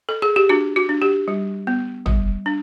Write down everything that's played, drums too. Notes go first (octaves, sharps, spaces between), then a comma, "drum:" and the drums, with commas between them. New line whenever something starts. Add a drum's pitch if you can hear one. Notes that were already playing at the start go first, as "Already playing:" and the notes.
A4
G#4
G4
D4 F#4
F#4
D4
G4
G3
B3
G3, drum: tom
D4